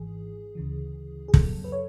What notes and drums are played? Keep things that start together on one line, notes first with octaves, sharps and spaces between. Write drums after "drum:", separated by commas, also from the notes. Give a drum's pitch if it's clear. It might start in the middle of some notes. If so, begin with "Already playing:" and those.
Already playing: G#1 G#2 E3 G#4
D2 C#3 E3
G#4
F#2 C#3 F#3 A4, drum: kick
B4
C#5